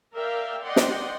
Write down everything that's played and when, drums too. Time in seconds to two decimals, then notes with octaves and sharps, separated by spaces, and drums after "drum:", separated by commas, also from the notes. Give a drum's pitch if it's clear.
0.15 A#4 D5 E5 F5 G5
0.63 D5 D#5 F#5 G5 C6
0.76 drum: snare